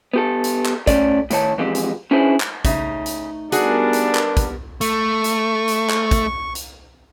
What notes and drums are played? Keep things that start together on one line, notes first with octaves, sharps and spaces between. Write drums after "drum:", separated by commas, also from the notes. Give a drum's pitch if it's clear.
B3 G4 A4
drum: hi-hat
drum: clap
A3 C#4 D5, drum: kick, hi-hat
A2 D#3 C#5 A5, drum: hi-hat
E3 F3 G#3 C4 G4
drum: hi-hat
C#4 D4 E4 G#4 B4 C5
drum: clap
C#3 A3 D#4 E5, drum: kick, hi-hat
drum: hi-hat
G3 B3 D4 F#4 G#4 A#4, drum: hi-hat
drum: hi-hat
drum: clap
drum: kick, hi-hat
A3 C#6, drum: hi-hat
drum: hi-hat
drum: hi-hat
drum: clap
drum: kick, hi-hat
drum: hi-hat